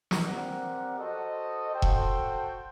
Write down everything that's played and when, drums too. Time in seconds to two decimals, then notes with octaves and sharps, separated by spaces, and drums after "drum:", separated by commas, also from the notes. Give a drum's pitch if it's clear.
0.11 drum: snare
0.22 C4 G4 A#4 D5 F#5
0.97 F#4 A4 C5 D#5
1.73 F#4 A4 C5 G5
1.82 drum: kick E1